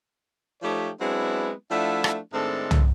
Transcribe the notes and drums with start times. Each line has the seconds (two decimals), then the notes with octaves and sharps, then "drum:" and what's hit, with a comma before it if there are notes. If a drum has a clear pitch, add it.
0.62 F3 A3 D#4 G4 C5 C#5
1.01 F#3 G#3 B3 C4 D4 E4
1.71 F3 A3 D4 E4 E5 F#5
2.04 drum: rim click
2.34 A2 D#3 G#3 C4 D4 A4
2.71 drum: tom